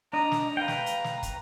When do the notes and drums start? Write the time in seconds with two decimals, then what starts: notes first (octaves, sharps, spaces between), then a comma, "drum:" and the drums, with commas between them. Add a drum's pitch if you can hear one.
0.13 D4 D#5 A#5
0.32 drum: snare
0.57 B4 F5 G5
0.68 drum: snare
0.86 drum: hi-hat
1.04 drum: snare
1.23 drum: kick, hi-hat